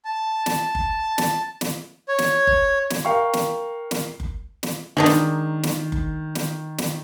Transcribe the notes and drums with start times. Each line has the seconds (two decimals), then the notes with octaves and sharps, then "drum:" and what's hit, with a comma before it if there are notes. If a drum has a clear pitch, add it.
0.05 A5
0.46 drum: snare
0.75 drum: kick F#1
1.18 drum: snare
1.61 drum: snare
2.08 C#5
2.18 drum: snare
2.47 drum: kick F#1
2.90 drum: snare
3.05 A#4 F5 G5 C#6
3.33 drum: snare
3.91 drum: snare
4.20 drum: kick F#1
4.63 drum: snare
4.97 D#3 G#3 D4 D#4
5.06 drum: snare
5.63 drum: snare
5.92 drum: kick F#1
6.35 drum: snare
6.78 drum: snare